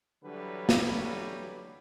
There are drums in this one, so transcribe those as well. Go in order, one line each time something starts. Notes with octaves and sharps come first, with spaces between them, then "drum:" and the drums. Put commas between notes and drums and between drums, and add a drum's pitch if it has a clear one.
D3 E3 F#3 G3 B4
drum: snare